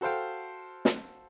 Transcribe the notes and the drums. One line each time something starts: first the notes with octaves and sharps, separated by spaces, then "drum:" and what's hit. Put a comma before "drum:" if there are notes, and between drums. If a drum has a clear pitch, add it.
F#4 A4 C5 F5 G5
drum: snare